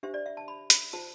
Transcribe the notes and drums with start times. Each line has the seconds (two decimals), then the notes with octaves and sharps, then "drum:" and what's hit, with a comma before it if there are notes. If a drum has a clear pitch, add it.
0.03 D4 G4 C5 E5
0.14 D5
0.26 E5
0.37 A5
0.48 B5
0.70 B5, drum: hi-hat
0.93 F4 C5 A5